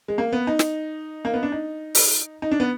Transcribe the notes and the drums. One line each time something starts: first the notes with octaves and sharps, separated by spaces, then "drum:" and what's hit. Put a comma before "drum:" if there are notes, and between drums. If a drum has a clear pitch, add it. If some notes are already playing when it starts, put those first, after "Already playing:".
G#3
A#3
B3
D#4
drum: snare
A#3
B3
D4
D#4
drum: open hi-hat
D#4
D4
B3